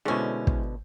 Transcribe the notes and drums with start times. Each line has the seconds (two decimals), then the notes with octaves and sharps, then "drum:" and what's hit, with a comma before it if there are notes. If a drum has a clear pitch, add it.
0.05 B2 D3 G#3 A3 C#4 E4 C5
0.47 drum: kick